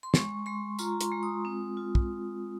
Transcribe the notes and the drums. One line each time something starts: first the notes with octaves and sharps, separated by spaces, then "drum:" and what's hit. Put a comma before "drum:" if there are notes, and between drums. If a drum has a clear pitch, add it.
C6
G#3 C#6, drum: snare
G#3 C6
F4 A#5, drum: tambourine
C6, drum: hi-hat
G#3
D#6
C4
F4
drum: kick